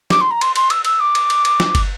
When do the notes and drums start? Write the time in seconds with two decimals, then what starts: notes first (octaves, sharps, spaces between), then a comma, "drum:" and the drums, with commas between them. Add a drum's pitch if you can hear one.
0.10 D6, drum: snare
0.20 C6
0.31 A#5
0.41 C6, drum: cymbal
0.56 C6, drum: cymbal
0.70 E6, drum: cymbal
0.85 E6, drum: cymbal
1.00 D6
1.15 drum: cymbal
1.30 drum: cymbal
1.45 drum: cymbal
1.60 drum: snare
1.75 drum: kick, cymbal